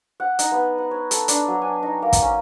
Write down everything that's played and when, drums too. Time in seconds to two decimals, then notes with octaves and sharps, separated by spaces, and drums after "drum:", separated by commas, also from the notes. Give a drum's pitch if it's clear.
0.20 F#5
0.39 D#4, drum: hi-hat
0.52 B3
0.78 F#5
0.91 C#5
1.11 A4, drum: hi-hat
1.28 D4, drum: hi-hat
1.48 F#3
1.62 G#5
1.83 D#4
2.02 A#3
2.13 drum: kick, hi-hat
2.22 C#4